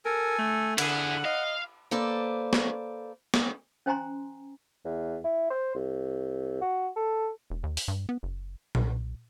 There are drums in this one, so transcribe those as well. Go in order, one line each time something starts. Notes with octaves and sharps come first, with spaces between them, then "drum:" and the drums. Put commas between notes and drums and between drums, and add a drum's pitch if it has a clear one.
A4 A#4 G#5
A3
D3 E4 G#4 F#5, drum: cymbal
D#5 F5
A#3 A4 B4 C5 D5
drum: snare
drum: snare
C#4 C5 G5 G#5 A#5 C6
E2
E4
C5
C2
F#4
A4
E1
D#2
drum: open hi-hat
G2
B3
F#1
B1, drum: tom A#2